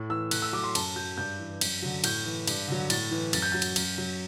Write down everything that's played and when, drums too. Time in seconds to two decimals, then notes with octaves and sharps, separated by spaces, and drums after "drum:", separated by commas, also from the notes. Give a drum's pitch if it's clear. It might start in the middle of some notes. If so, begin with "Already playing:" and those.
Already playing: A2
0.10 E3 E6
0.31 A2 F#6, drum: cymbal
0.42 E6
0.53 F#3 D6
0.64 C6
0.75 F#2 A5, drum: cymbal
0.96 F#3 G6
1.17 G2 G6
1.39 E3
1.61 F#2, drum: cymbal
1.82 D3 F#3
2.04 A2 G6, drum: cymbal
2.25 E3
2.47 G2, drum: cymbal
2.68 D3 F#3
2.90 A2 A6, drum: cymbal
3.11 E3
3.33 F#2 A6, drum: cymbal
3.42 G6
3.52 F#3 A6
3.62 drum: cymbal
3.76 F#2, drum: cymbal
3.98 F#3